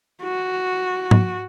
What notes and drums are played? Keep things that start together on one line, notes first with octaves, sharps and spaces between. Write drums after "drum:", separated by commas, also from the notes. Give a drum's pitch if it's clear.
F#4
drum: tom G#2